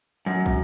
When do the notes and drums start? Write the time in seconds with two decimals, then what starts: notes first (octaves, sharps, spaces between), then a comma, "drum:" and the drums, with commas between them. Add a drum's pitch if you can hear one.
0.26 F#2
0.46 drum: kick